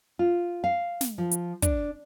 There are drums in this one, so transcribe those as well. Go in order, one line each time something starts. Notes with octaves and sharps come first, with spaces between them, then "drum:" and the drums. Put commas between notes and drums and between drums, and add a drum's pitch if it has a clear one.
F4
F5
drum: snare
F3
drum: hi-hat
D4, drum: kick, hi-hat